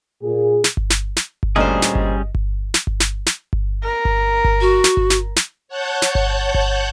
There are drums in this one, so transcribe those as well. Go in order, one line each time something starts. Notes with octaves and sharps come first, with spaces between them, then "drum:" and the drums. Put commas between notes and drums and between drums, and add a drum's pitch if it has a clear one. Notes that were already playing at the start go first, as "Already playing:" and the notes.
A#2 G#4
drum: snare
drum: kick G1
drum: snare
drum: snare
drum: kick G1
D2 A#2 G3 C#4 G#4 C5 D#5
drum: snare
drum: kick G1
drum: kick G1
drum: snare
drum: kick G1
drum: snare
drum: snare
drum: kick G1
A#4
drum: kick G1
drum: kick G1
F#4
drum: snare
drum: kick G1
drum: snare
drum: snare
C#5 F#5 A5 F#6 G6
drum: snare
drum: kick G1
drum: kick G1